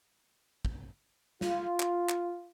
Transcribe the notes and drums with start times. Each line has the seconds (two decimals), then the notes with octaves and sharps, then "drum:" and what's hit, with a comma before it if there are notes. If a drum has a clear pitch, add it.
0.65 drum: kick
1.41 F4, drum: snare
1.80 drum: clap
2.09 drum: clap